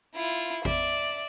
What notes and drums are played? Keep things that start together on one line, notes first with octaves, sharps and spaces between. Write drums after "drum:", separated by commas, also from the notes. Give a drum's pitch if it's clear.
E4 F4
D5 E5, drum: kick